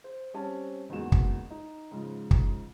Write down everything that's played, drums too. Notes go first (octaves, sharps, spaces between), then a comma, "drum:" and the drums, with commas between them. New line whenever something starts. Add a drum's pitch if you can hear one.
C5
G3 C4 C#4 A5
F#1 E2 G#2 G#3 F#4 E7
drum: kick
D#4
G#2 C#3 F3 G#3
drum: kick